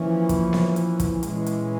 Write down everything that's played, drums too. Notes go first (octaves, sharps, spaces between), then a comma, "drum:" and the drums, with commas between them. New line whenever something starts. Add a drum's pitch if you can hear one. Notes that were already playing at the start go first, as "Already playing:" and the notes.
Already playing: E3 F3 A#3 C#4
drum: kick, hi-hat
drum: snare B3
drum: hi-hat
drum: kick, hi-hat
A#2 E3 G#3 C#4, drum: hi-hat
drum: hi-hat